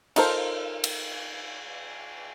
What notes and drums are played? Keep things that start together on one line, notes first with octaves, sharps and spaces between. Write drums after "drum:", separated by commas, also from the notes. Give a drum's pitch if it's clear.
D#4 F4 A4 A#4 C5, drum: cymbal
drum: cymbal